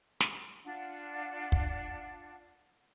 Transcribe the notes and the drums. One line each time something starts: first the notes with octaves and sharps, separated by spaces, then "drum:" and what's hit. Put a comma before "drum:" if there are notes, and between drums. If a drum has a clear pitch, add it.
drum: snare
D4 F4 D5 F#5
drum: kick